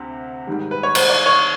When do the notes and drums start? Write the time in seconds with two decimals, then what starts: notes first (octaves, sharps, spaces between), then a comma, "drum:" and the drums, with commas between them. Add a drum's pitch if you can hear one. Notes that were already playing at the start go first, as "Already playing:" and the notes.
Already playing: D2 C3
0.47 G#2 D#3 G3
0.71 B4
0.83 C#5
0.95 C5, drum: cymbal
1.10 D5
1.26 C#5